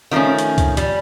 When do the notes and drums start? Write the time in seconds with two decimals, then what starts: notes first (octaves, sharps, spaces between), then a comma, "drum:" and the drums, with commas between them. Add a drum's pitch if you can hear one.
0.11 D#3 F3 G3 A3 C#4
0.39 drum: hi-hat
0.58 drum: kick C#2, hi-hat
0.77 G3, drum: hi-hat